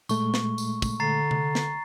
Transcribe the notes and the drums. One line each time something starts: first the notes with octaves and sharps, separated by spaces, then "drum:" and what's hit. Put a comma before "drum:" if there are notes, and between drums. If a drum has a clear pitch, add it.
A#2 G#3 A3 C#6, drum: tambourine
drum: snare
drum: tambourine
drum: kick, tambourine
D3 A#5 A6 C7
drum: tom C3
drum: snare